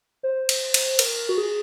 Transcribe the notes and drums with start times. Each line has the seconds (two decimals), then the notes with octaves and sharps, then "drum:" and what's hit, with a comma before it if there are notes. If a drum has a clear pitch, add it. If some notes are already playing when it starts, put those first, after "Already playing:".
0.23 C5
0.49 drum: cymbal
0.74 drum: cymbal
0.99 A#4, drum: cymbal
1.29 F#4
1.38 G#4